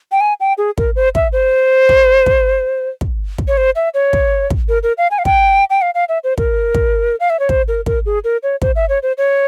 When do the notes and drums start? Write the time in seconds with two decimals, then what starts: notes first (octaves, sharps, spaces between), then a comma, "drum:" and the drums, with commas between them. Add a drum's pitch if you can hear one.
0.12 G5
0.21 G#5
0.40 G5
0.58 G#4
0.78 A#4, drum: kick
0.96 C5
1.15 E5, drum: kick
1.33 C5
1.89 drum: kick
2.26 drum: kick
3.01 drum: kick
3.38 drum: kick
3.48 C#5
3.57 C5
3.76 E5
3.94 C#5
4.13 drum: kick
4.50 drum: kick
4.69 A#4
4.83 A#4
4.98 F5
5.11 G#5
5.19 F5
5.25 G5, drum: kick
5.70 G5
5.82 F5
5.95 F5
6.09 E5
6.24 C5
6.38 A#4, drum: kick
6.75 drum: kick
7.20 F5
7.30 E5
7.40 C#5
7.49 C5, drum: kick
7.68 A#4
7.86 A#4, drum: kick
8.06 G#4
8.24 A#4
8.43 C#5
8.62 C5, drum: kick
8.76 E5
8.89 C#5
9.03 C5
9.18 C#5